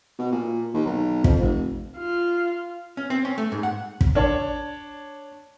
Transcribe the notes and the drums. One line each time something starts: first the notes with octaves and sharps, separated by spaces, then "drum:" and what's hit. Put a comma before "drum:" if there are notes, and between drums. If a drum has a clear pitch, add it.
B2
A#2
D#2
B1
F2, drum: kick
F1
F4
C#4
C4
C#4
A3
G#2
F#5
drum: kick
D4 C#5 A5